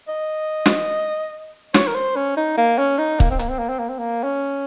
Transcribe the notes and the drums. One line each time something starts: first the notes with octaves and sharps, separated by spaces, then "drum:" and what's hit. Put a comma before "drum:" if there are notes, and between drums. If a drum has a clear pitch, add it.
D#5
drum: snare
C#5, drum: snare
A#4
C5
C#4
D#4
A#3
C#4
D#4
A#3, drum: kick
C4
A#3, drum: hi-hat
C4
A#3
C4
A#3
C4
A#3
C#4